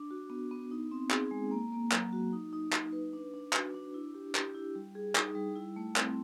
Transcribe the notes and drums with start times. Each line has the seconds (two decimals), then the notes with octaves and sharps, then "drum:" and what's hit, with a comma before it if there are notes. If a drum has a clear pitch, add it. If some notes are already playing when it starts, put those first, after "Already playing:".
Already playing: D4
0.11 F#4
0.30 B3
0.51 B3
0.71 D#4
0.91 C4
1.11 G#4, drum: clap
1.31 G#3
1.51 A#3
1.72 A#3
1.92 F#3, drum: clap
2.13 F#4
2.33 D#4
2.53 D#4
2.73 D#4, drum: clap
2.92 B4
3.13 D4
3.34 D4
3.53 F#4, drum: clap
3.74 D4
3.94 E4
4.14 G4
4.35 G4, drum: clap
4.55 E4
4.75 G3
4.95 G#4
5.15 D#4, drum: clap
5.35 G3
5.56 E4
5.76 A3
5.96 C4, drum: clap